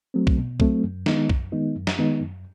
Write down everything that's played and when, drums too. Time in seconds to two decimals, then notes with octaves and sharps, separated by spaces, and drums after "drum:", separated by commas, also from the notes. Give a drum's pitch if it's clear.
0.14 F#3 A3 C4
0.27 drum: kick
0.37 B2
0.60 F#3 A3 C4, drum: kick
0.84 F#2
1.06 D#3 G#3 B3 D#4, drum: snare
1.30 F#2, drum: kick
1.52 D#3 G#3 B3 D#4
1.75 F#2
1.87 drum: snare
1.99 D#3 G#3 B3 D#4
2.20 F#2